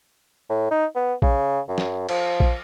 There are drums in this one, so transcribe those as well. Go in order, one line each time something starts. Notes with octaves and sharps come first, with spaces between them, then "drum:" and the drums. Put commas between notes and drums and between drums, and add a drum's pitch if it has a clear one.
A2
D#4
B3
C#3, drum: kick A#1
F#2
drum: snare
F3, drum: cymbal
drum: kick A#1